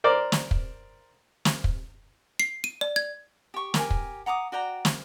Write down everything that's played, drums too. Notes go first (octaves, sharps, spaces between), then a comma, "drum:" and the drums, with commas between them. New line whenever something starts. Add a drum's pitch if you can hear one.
A#4 C5 D5
drum: snare
drum: kick
drum: snare
drum: kick
C7
D#7
D5
G#6
G4 C#6
G4 A#4 G#5, drum: snare
drum: kick
F#5 A#5 D6 D#6
F#4 D5 G5 A#5
drum: snare